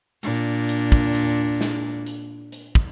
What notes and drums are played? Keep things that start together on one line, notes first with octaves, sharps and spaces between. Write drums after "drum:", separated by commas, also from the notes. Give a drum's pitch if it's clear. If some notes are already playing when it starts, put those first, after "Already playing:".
A#2 D4, drum: hi-hat
drum: hi-hat
drum: kick
drum: hi-hat
drum: snare
drum: hi-hat
drum: hi-hat
drum: kick